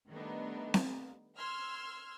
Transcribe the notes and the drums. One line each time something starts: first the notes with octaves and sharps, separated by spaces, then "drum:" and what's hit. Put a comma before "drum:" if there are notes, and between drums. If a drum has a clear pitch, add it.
D#3 G3 A3 B3 D4 D#4
drum: snare C4
C6 E6 F6 G#6